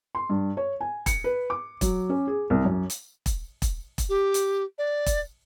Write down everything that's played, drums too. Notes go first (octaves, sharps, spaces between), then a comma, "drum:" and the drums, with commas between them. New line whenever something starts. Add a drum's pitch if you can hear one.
C6
G2
C#5
G#5
C#7, drum: kick E1, hi-hat
B4
D6
F#3, drum: kick E1, hi-hat
C#4
G#4
C2
F#2
drum: hi-hat
drum: kick E1, hi-hat
drum: kick E1, hi-hat
drum: kick E1, hi-hat
G4
drum: hi-hat
D5
drum: kick E1, hi-hat